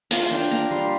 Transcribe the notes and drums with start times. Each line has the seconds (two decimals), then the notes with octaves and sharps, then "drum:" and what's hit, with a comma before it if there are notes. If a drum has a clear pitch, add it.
0.11 F4 F5, drum: hi-hat
0.31 D4 G5
0.51 A#3 A#5
0.71 G3 C6